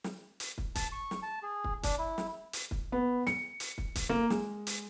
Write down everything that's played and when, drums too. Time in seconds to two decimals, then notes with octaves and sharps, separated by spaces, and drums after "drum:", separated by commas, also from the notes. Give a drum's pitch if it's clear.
0.04 drum: snare
0.40 drum: hi-hat
0.58 drum: kick
0.75 A5, drum: kick, hi-hat
0.92 C#6
1.11 drum: snare
1.23 A5
1.43 G#4
1.64 drum: kick
1.83 D4, drum: kick, hi-hat
1.98 E4
2.18 drum: snare
2.53 drum: hi-hat
2.71 drum: kick
2.92 B3
3.27 C#7, drum: snare
3.60 drum: hi-hat
3.78 drum: kick
3.95 drum: kick, hi-hat
4.09 A#3
4.30 G#3, drum: snare
4.67 drum: hi-hat